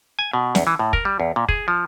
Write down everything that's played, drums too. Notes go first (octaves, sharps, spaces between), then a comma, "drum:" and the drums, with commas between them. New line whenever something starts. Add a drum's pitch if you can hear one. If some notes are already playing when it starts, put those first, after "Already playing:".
G#5
B2
E2, drum: snare
E3
A2
A#4, drum: kick
G3
E2
A#2
G#4, drum: kick
F3